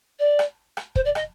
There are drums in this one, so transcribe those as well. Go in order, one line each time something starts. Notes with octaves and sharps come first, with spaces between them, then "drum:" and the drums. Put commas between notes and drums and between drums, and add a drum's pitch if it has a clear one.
D5
drum: rim click
drum: rim click
C5, drum: kick
D5
D#5, drum: rim click